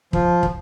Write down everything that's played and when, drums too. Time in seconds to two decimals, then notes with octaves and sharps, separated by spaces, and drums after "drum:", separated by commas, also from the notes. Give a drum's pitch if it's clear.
0.13 F3, drum: kick
0.43 drum: kick